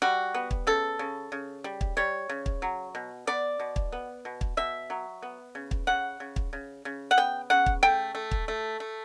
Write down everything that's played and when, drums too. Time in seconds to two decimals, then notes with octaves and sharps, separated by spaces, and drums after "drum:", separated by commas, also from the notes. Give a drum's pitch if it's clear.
0.02 G3 F#4
0.34 B3
0.51 drum: kick
0.67 C#3 A4
0.99 C#3
1.32 C#3
1.64 G3
1.81 drum: kick
1.97 G3 C#5
2.29 C#3
2.46 drum: kick
2.62 F#3
2.95 B2
3.27 B3 D5
3.60 B2
3.76 drum: kick
3.92 B3
4.25 B2
4.41 drum: kick
4.57 B2 E5
4.90 F#3
5.22 B3
5.55 C#3
5.71 drum: kick
5.87 C#3 F#5
6.20 C#3
6.36 drum: kick
6.53 C#3
6.85 C#3
7.11 F#5
7.17 B3 G5
7.50 C#3 F#5
7.66 drum: kick
7.83 A3 G5
8.15 A3
8.31 drum: kick
8.48 A3
8.80 A3